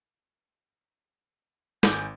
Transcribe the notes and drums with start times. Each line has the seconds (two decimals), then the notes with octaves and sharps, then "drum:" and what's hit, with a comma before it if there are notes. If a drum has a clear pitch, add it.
1.83 G#1 G#5 D6 G6, drum: snare